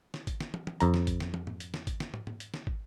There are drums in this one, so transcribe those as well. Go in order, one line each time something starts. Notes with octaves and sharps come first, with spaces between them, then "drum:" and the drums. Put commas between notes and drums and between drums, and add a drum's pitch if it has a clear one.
drum: snare
drum: kick, hi-hat
drum: snare
drum: tom
drum: tom
F2 A#5, drum: hi-hat
drum: snare
drum: kick, hi-hat
drum: snare
drum: tom
drum: tom
drum: hi-hat
drum: snare
drum: kick, hi-hat
drum: snare
drum: tom
drum: tom
drum: hi-hat
drum: snare
drum: kick